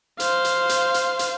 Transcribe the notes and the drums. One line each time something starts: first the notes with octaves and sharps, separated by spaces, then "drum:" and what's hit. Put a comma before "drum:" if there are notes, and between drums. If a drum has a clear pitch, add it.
C5 F5, drum: hi-hat
drum: hi-hat
drum: hi-hat
drum: hi-hat
drum: hi-hat